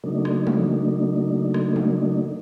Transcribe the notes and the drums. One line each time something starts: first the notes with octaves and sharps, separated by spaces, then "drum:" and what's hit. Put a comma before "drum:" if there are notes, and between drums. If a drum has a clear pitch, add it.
C#3 F#3 A3 A#3 D4 D#4
drum: rim click
drum: tom
drum: rim click
drum: tom